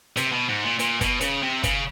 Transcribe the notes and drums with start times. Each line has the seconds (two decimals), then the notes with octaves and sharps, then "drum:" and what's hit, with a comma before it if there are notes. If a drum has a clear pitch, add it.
0.17 C3, drum: hi-hat
0.32 B2
0.49 G#2
0.64 A#2
0.79 A#2, drum: hi-hat
1.01 B2, drum: kick, hi-hat
1.21 C#3, drum: hi-hat
1.42 C3
1.63 C#3, drum: kick, hi-hat